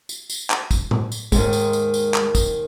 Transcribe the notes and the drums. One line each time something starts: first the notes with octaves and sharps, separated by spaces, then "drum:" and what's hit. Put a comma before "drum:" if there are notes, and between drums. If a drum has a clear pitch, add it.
drum: tambourine
drum: tambourine
drum: clap
drum: kick, tambourine
drum: tom A2
drum: tambourine
D#2 G#2 D#3 G#3, drum: kick, tambourine
drum: tambourine
drum: tambourine
drum: tambourine
drum: clap
drum: kick, tambourine